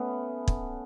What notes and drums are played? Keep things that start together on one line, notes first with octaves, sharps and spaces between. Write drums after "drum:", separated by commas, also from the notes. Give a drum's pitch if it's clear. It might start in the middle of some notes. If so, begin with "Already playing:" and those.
Already playing: A3 B3 C#4
drum: kick